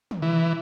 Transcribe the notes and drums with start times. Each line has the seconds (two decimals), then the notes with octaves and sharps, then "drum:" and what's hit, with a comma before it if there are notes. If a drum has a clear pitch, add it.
0.11 drum: tom
0.22 E3